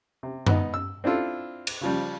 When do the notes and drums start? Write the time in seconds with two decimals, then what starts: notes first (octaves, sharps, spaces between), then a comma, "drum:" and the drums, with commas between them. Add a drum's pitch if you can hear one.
0.23 C3
0.47 B3 D#4, drum: tom F#2
0.74 E6
1.04 C4 D4 E4 F4 A4
1.67 drum: cymbal
1.81 C#3 F3 G3